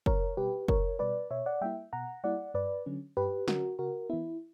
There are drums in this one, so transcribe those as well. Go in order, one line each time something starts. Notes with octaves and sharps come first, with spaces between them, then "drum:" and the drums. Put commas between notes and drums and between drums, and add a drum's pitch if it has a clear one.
C#2 A#4 C#5, drum: kick
B2 G3 G4 B4
C#2 A#4 C#5, drum: kick
B2 G3 B4 D5
B2 C#5 E5
D5 F#5
G3 A#3 E4 E5 G5
B2 F#5 A#5
G3 A#3 E4 D5 F#5
G2 B4 D5
D3 F#3 C#4
G2 G4 B4
D3 F#3 C#4 F#4 A#4, drum: snare
C#3 F#4 A#4
E3 B3 E4